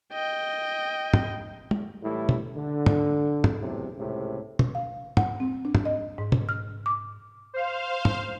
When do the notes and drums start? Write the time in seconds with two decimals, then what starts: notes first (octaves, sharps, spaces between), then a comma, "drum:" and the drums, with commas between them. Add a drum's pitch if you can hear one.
0.13 D#5 G5
1.14 drum: tom
1.71 drum: tom
2.02 A2 E3 G3 E4
2.29 drum: tom
2.55 D3
2.86 drum: tom
3.44 drum: tom
3.59 B1 E2 A2 C3
3.96 C#2 A2 C3
4.59 drum: tom
4.75 F5
5.17 F#5, drum: tom
5.40 C4
5.65 D4
5.75 drum: tom
5.85 D#5
6.18 G#2
6.32 drum: tom
6.49 F6
6.86 D6
7.54 C5 F5
8.05 drum: tom